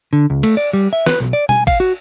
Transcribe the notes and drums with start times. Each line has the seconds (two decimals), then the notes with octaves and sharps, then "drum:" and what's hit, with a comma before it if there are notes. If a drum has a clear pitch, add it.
0.13 D3
0.30 C#2
0.43 A3, drum: cymbal
0.57 D5
0.73 G3
0.93 E5
1.06 B4, drum: snare
1.20 B1
1.33 D5
1.49 G#5, drum: tom B2
1.67 F5, drum: kick G#1, cymbal
1.80 F#4